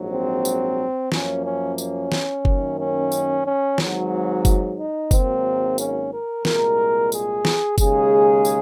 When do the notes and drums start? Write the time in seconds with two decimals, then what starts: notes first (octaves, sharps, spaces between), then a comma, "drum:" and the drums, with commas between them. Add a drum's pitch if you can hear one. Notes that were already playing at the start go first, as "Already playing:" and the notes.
Already playing: A#1 G#2 F#3
0.12 C4
0.45 drum: tambourine
1.12 F#2 F3 A#3 C#4, drum: snare
1.45 C#4
1.78 C#4, drum: tambourine
2.12 drum: snare
2.45 F#2 D#3 A#3, drum: kick F#1
2.78 C#4
3.12 drum: tambourine
3.45 C#4
3.78 G#1 G#2 F#3, drum: snare
4.45 drum: kick F#1, tambourine
4.78 D#4
5.11 G#1 G#2 F#3 A#3 C4, drum: kick F#1, tambourine
5.78 C#4, drum: tambourine
6.11 A#4
6.45 C2 A#2 G#3 A#4, drum: snare
7.12 G#4, drum: tambourine
7.45 drum: snare
7.78 D#2 C#3 G#3 G#4, drum: kick F#1, tambourine
8.45 drum: tambourine